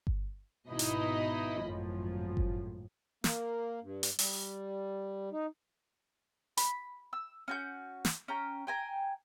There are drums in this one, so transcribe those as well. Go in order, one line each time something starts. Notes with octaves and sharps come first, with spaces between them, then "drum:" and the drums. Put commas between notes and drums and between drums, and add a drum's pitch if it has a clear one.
drum: kick G1
G#1 B2 D#4 E4 D#5 B5
drum: hi-hat
G#1 F#2 A2 F3
drum: kick G1
A#3, drum: snare
G2
drum: hi-hat
G3, drum: open hi-hat
D#4
B5, drum: hi-hat
E6
C#4 F#4 G6
drum: snare
C#4 G5 A#5
G5 G#5 A#5